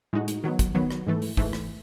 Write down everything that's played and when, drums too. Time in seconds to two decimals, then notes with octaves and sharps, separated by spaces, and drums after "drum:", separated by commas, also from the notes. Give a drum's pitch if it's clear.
0.13 A2 G#3 D#4 F#4
0.28 drum: hi-hat
0.44 D#3 F#3 B3
0.59 drum: kick, hi-hat
0.75 D#3 F#3 B3
0.91 drum: rim click
1.07 G#2 E3 A3
1.22 drum: open hi-hat
1.37 G#2 E3 A3, drum: kick
1.53 drum: rim click